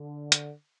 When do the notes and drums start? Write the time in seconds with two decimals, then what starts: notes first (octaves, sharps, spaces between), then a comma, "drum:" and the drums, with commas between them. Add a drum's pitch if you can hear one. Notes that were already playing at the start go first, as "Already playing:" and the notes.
Already playing: D3
0.32 drum: hi-hat